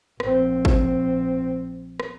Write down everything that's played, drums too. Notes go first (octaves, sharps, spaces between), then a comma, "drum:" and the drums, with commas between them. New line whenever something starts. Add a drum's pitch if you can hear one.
A#1 C4, drum: rim click
drum: kick
drum: rim click